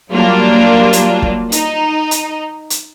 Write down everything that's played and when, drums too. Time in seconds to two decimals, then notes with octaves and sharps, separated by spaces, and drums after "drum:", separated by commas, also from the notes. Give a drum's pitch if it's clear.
0.11 F#3 G3 A#3 D4 F4
0.93 drum: hi-hat
1.22 drum: kick
1.52 D#4, drum: hi-hat
2.11 drum: hi-hat
2.70 drum: hi-hat